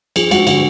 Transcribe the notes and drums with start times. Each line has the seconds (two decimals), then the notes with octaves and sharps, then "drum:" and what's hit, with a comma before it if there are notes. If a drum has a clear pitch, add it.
0.16 F3 G#4, drum: cymbal
0.31 G#3 F#4, drum: cymbal
0.47 D3 F#4, drum: cymbal